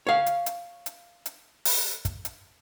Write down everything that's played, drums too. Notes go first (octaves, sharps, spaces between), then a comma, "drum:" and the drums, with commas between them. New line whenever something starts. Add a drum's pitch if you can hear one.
C#5 F5
drum: hi-hat
drum: hi-hat
drum: hi-hat
drum: hi-hat
drum: open hi-hat
drum: kick, hi-hat
drum: hi-hat